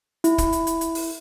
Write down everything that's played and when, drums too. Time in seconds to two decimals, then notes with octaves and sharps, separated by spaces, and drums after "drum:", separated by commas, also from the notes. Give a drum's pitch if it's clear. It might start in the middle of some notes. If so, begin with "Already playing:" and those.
0.24 E4, drum: hi-hat
0.38 drum: kick, hi-hat
0.52 drum: hi-hat
0.67 drum: hi-hat
0.81 drum: hi-hat
0.95 drum: open hi-hat